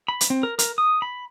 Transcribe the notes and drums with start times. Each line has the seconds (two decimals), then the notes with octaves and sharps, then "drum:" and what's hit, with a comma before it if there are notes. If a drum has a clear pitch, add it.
0.08 B5
0.21 drum: hi-hat
0.30 C4
0.43 A#4
0.59 A#4, drum: hi-hat
0.78 D#6
1.02 B5